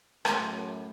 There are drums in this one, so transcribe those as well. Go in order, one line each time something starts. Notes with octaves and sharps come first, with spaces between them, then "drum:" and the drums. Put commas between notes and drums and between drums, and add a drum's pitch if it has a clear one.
F#2 A2 G#4 C6 D6, drum: rim click